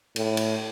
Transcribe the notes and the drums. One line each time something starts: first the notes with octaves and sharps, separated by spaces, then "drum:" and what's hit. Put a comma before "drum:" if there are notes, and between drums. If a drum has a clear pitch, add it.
A2, drum: cymbal
drum: cymbal